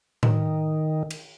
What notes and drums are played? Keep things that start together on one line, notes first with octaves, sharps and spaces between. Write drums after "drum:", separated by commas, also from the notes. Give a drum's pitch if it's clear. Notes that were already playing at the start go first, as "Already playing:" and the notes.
D#3, drum: tom A2
drum: cymbal